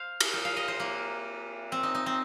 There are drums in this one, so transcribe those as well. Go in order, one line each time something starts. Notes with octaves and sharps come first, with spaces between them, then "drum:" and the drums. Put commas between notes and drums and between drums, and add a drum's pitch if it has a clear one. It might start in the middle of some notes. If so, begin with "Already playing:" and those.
Already playing: C5 F5
drum: cymbal
G5
F5
D#5
C5
A#3
C4
D#4
D#4
C4